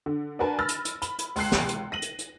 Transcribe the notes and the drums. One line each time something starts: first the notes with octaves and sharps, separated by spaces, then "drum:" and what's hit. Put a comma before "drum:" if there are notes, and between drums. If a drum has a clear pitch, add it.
D3
D4 F#4 A#4 B4 G#5 A5
B5 E6 F6 A6 A#6
drum: hi-hat
drum: hi-hat
B5, drum: hi-hat
drum: hi-hat
C#2 C6 F#6 C7, drum: open hi-hat
drum: snare
drum: hi-hat
A#6 D#7 F#7
drum: hi-hat
drum: hi-hat